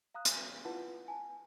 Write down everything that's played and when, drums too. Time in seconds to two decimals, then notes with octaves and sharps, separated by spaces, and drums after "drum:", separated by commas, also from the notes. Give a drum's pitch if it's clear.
0.14 F5 A#5 D#6 F#6
0.25 drum: hi-hat
0.65 E4 F4 B4 F#5 A5
1.08 G#5 A5